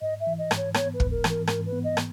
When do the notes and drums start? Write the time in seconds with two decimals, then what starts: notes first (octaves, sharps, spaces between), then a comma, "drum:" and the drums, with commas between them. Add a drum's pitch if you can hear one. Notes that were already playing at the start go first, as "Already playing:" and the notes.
0.01 G#2 D#5
0.20 E5
0.27 E3
0.38 D#5
0.51 G#2, drum: rim click
0.57 C#5
0.74 B3 C#5, drum: rim click
0.94 B4
1.00 G#2, drum: kick
1.11 A#4
1.24 E3, drum: rim click
1.29 A#4
1.47 G#2 A#4, drum: rim click
1.66 B4
1.73 B3
1.84 D#5
1.97 drum: rim click